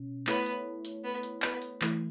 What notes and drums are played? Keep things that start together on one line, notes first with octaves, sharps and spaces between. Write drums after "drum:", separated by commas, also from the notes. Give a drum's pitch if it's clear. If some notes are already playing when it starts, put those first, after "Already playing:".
Already playing: B2 C#4
A3 B3 E4 A4 C#5, drum: clap
drum: hi-hat
drum: hi-hat
B3
drum: hi-hat
B3, drum: clap
drum: hi-hat
E3 A3 E4, drum: clap